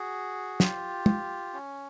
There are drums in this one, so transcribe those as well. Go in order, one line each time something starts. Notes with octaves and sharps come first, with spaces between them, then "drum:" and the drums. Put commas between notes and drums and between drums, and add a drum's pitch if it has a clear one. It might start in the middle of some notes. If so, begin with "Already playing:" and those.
Already playing: F#4 G#4
F4 G4, drum: snare
drum: tom
C#4